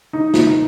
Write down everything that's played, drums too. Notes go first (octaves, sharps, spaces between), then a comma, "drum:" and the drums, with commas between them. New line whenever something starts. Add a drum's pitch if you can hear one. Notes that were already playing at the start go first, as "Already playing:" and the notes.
D#4
drum: snare